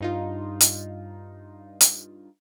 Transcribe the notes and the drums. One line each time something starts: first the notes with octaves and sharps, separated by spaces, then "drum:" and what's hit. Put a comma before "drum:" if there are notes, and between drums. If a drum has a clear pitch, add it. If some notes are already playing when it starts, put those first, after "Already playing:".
G2 D#4 F4
drum: hi-hat
drum: hi-hat